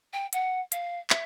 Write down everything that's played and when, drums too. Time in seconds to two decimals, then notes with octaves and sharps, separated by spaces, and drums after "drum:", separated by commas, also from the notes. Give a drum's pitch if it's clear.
0.13 G5
0.33 F#5, drum: hi-hat
0.72 F5, drum: hi-hat
1.10 E5, drum: clap